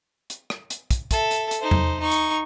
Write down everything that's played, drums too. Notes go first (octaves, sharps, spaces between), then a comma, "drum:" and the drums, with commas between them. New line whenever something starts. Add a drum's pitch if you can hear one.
drum: hi-hat
drum: rim click
drum: hi-hat
drum: kick, hi-hat
A4 E5, drum: kick, hi-hat
drum: hi-hat
drum: hi-hat
D#4 C5
drum: tom E2
D#4 C#6
drum: hi-hat